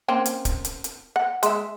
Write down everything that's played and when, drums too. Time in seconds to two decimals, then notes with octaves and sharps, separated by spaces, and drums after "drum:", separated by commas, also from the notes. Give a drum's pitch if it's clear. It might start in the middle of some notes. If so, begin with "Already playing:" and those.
0.08 A#3 C4 C#4
0.26 drum: hi-hat
0.45 drum: kick D1, hi-hat
0.65 drum: hi-hat
0.84 drum: hi-hat
1.16 F#5
1.43 G#3 E5, drum: hi-hat